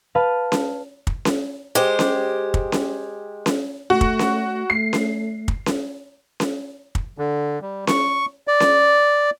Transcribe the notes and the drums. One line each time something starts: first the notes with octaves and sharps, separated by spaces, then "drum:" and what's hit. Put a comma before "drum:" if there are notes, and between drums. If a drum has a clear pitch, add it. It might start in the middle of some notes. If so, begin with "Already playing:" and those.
B4 F5 A5
drum: snare C#4
drum: kick
drum: snare C#4
G#3 G4 C5
drum: snare C#4
drum: kick
drum: snare C#4
drum: snare C#4
A3 F#4
drum: kick
drum: snare C#4
A3 C7
drum: snare C#4
drum: kick
drum: snare C#4
drum: snare C#4
drum: kick
D3
G3
C#6, drum: snare C#4
D5
drum: snare C#4